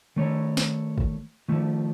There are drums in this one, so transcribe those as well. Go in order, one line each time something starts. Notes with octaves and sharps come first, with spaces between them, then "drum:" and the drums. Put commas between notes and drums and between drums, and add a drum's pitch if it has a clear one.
D#3 A3 C#5
drum: snare
drum: kick
D#3 F3 A3